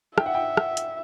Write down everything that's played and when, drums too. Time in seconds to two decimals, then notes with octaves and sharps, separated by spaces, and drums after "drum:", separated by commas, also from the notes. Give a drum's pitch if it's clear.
0.18 E5 G5, drum: rim click
0.26 F#5
0.34 G5
0.57 drum: rim click
0.77 drum: hi-hat